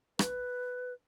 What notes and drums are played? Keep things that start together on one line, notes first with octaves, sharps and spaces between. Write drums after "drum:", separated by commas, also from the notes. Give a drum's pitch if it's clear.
B4, drum: rim click